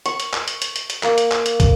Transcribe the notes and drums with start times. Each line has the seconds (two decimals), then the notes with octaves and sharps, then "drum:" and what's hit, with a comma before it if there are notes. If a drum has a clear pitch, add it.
0.06 C#6, drum: hi-hat
0.20 drum: hi-hat
0.34 drum: clap
0.48 drum: hi-hat
0.62 drum: hi-hat
0.76 drum: hi-hat
0.90 drum: hi-hat
1.03 A#3, drum: clap
1.18 drum: hi-hat
1.32 drum: clap
1.46 drum: hi-hat
1.60 drum: kick, hi-hat